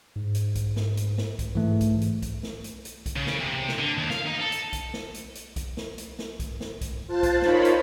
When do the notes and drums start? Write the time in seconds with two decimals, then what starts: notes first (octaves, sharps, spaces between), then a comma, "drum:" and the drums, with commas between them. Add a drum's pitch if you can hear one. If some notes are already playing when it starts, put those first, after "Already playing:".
0.16 G#2
0.35 drum: hi-hat
0.55 drum: kick B1, hi-hat
0.76 drum: snare
0.97 drum: hi-hat
1.18 drum: snare
1.39 drum: kick B1, hi-hat
1.55 G#2 E3 A3
1.81 drum: kick B1, hi-hat
2.01 drum: hi-hat
2.22 drum: kick B1, hi-hat
2.43 drum: snare
2.64 drum: hi-hat
2.85 drum: hi-hat
3.06 drum: kick B1, hi-hat
3.16 C#3
3.27 drum: snare
3.40 C3
3.68 drum: snare
3.79 D3
3.98 D#2
4.10 F5, drum: snare
4.26 D#4
4.40 A4
4.52 drum: hi-hat
4.73 drum: kick B1, hi-hat
4.94 drum: snare
5.14 drum: hi-hat
5.35 drum: hi-hat
5.56 drum: kick B1, hi-hat
5.77 drum: snare
5.98 drum: hi-hat
6.19 drum: snare
6.40 drum: kick B1, hi-hat
6.61 drum: snare
6.81 drum: kick B1, hi-hat
7.07 F4 C5 A5 F#6 A6
7.23 drum: kick B1, hi-hat
7.42 D#4 F4 A#4 C5 C#5 B5, drum: snare
7.65 drum: hi-hat